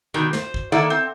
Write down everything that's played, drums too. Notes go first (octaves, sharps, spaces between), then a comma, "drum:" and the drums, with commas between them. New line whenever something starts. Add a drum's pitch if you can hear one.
B2 D#3 G3
C5, drum: snare
drum: kick
D#3 A#3 E4 A4 D5 F#5
C4